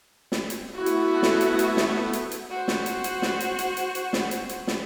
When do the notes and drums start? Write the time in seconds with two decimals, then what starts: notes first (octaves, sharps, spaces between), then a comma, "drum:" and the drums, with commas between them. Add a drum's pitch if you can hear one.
0.32 drum: snare
0.50 drum: hi-hat
0.75 A3 B3 E4 F#4
0.86 drum: hi-hat
1.23 drum: snare
1.41 drum: hi-hat
1.59 drum: hi-hat
1.77 drum: snare
2.13 drum: hi-hat
2.31 drum: hi-hat
2.50 F#4 C5
2.68 drum: snare
2.86 drum: hi-hat
3.04 drum: hi-hat
3.22 drum: snare
3.40 drum: hi-hat
3.59 drum: hi-hat
3.77 drum: hi-hat
3.95 drum: hi-hat
4.13 drum: snare
4.31 drum: hi-hat
4.49 drum: hi-hat
4.67 drum: snare